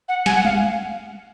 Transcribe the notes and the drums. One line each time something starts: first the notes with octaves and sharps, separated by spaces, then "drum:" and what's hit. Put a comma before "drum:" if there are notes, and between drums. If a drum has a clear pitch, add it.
F#5
G#5, drum: snare
F#5
F5, drum: tom G3